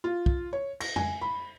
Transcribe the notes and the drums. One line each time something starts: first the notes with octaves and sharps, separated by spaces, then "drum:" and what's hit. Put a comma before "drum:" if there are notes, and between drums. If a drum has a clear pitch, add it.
F4
drum: kick
C#5
A#6, drum: cymbal
G#5, drum: tom F2
B5